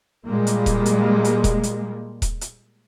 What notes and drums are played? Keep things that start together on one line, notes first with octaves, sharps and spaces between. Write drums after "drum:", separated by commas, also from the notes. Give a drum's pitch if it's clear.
A#2 G3 G#3 A#3
drum: hi-hat
drum: kick D#1, hi-hat
drum: hi-hat
drum: hi-hat
drum: kick D#1, hi-hat
drum: hi-hat
drum: kick D#1, hi-hat
drum: hi-hat